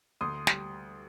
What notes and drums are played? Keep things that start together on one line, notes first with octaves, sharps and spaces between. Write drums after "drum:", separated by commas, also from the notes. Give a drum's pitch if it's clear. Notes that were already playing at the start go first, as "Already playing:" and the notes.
D2 C6 D#6
G3, drum: snare